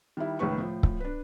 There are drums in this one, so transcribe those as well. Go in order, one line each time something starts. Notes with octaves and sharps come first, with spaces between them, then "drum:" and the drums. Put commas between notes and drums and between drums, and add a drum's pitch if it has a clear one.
D#3 G3 E4
C#2 A2 D#3 B4 C#6
A2 F3
drum: kick C#1
D4 B4